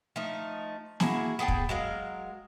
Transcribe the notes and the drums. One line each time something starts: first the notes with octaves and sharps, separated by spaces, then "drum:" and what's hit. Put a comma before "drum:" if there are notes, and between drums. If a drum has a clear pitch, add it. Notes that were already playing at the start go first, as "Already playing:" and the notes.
F3 A3 D#4
A#3 E4 F#4 G#4, drum: snare
B3 G#4 A4 G5
drum: kick
F#3 G#3 A#4 F5